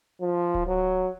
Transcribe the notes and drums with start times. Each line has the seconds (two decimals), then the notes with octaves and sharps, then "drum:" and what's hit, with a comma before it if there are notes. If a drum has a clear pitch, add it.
0.21 F3
0.54 drum: kick D1
0.67 F#3